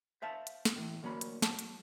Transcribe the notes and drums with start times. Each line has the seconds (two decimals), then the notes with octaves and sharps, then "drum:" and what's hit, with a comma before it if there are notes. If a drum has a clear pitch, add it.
0.22 C5 E5 F5 A5
0.47 drum: hi-hat
0.65 drum: snare
0.76 A2 D#3 E3
1.03 D2 F#3 A#3 C#4 B5
1.21 drum: hi-hat
1.42 F#3 A5, drum: snare
1.59 drum: hi-hat